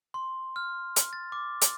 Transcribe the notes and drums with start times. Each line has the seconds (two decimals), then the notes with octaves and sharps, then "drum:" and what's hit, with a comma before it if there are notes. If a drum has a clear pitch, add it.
0.14 C6
0.56 F6
0.96 drum: hi-hat
1.13 A6
1.32 D6
1.62 drum: hi-hat